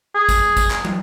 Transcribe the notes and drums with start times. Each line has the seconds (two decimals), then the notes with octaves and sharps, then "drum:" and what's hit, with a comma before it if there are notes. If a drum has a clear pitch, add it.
0.15 G#4
0.29 drum: kick G#1, tambourine
0.57 drum: kick G#1, tambourine
0.71 drum: clap
0.85 drum: tom